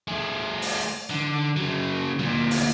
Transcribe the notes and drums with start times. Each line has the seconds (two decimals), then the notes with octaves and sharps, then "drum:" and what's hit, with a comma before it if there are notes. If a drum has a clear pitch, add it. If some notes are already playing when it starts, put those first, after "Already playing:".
0.07 A3 G#4
0.62 drum: open hi-hat
1.10 D3
1.56 C#3 F#3
2.19 D2 A#2
2.51 drum: open hi-hat